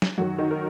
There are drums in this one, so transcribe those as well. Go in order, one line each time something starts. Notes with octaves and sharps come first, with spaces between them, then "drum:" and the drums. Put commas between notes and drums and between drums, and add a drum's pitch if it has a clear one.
drum: snare
F#2 D#3 F#3 F#4
D#3 D#4
A#4